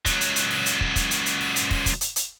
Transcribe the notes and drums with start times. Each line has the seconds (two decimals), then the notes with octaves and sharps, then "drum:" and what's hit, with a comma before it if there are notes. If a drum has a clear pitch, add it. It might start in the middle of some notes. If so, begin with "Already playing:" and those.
0.06 C#2 F#3, drum: kick, hi-hat
0.21 drum: hi-hat
0.36 drum: hi-hat
0.51 drum: open hi-hat
0.66 drum: hi-hat
0.81 drum: kick
0.96 drum: kick, hi-hat
1.11 drum: hi-hat
1.26 drum: hi-hat
1.41 drum: open hi-hat
1.56 drum: hi-hat
1.71 drum: kick, open hi-hat
1.86 drum: kick, hi-hat
2.01 drum: hi-hat
2.16 drum: hi-hat